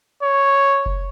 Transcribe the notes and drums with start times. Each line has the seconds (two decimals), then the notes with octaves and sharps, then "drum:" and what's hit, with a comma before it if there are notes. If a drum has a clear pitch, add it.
0.23 C#5
0.86 drum: kick F#1